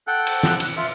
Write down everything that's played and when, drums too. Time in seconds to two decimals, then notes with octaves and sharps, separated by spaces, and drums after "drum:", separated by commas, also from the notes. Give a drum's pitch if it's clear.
0.07 A4 F#5 G5 F#6
0.27 drum: cymbal
0.43 drum: snare
0.60 drum: cymbal
0.77 F4 E5